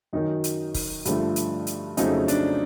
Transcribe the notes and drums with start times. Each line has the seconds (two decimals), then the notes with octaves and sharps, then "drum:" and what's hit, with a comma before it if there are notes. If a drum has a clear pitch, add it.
0.13 F#2 D#3 F#3 D#4
0.44 drum: hi-hat
0.74 drum: kick, open hi-hat
1.05 G2 D3 F3 A3, drum: hi-hat
1.36 drum: hi-hat
1.67 drum: hi-hat
1.97 F2 C#3 F#3 A3 D#4, drum: hi-hat
2.28 D4, drum: hi-hat